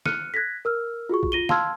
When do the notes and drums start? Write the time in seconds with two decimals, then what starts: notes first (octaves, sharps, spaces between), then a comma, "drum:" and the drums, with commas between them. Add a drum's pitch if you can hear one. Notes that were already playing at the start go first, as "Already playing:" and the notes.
0.06 F6 F#6 C#7 D#7, drum: snare
0.34 F#6 G#6 A#6 B6
0.65 A#4 E6 F6
1.09 F4 F#4 G#4 C#6
1.23 drum: kick
1.32 F4 A#6 D#7 G7
1.49 F5 A5 C6 E6 F6 G#6, drum: snare